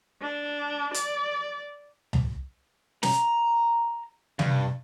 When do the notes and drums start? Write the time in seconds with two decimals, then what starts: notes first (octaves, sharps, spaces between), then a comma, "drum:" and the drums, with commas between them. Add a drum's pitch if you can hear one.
0.22 D4
0.94 D5, drum: hi-hat
2.13 drum: tom C#2
3.03 A#5, drum: snare
4.39 G2, drum: tom C3